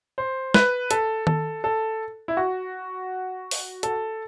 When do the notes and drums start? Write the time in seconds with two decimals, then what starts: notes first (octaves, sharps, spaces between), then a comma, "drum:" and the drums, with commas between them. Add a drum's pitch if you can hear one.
0.18 C5
0.54 B4, drum: snare
0.91 A4, drum: hi-hat
1.27 A4, drum: tom D#3
1.64 A4
2.28 E4
2.37 F#4
3.51 drum: open hi-hat
3.83 A4, drum: hi-hat